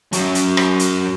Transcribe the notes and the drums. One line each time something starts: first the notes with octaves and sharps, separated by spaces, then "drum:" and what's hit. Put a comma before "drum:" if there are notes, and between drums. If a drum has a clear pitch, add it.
F#2 F#3, drum: hi-hat
drum: hi-hat
drum: rim click
drum: hi-hat